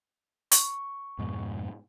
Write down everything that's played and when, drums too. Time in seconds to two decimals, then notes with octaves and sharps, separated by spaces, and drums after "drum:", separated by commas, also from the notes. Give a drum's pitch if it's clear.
0.52 C#6, drum: hi-hat
1.19 F2 G#2 B2